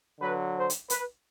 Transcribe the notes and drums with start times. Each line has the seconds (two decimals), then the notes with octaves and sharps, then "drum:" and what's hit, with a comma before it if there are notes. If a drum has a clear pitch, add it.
0.19 D3 F#3 B4
0.55 C5
0.70 drum: hi-hat
0.90 B4, drum: hi-hat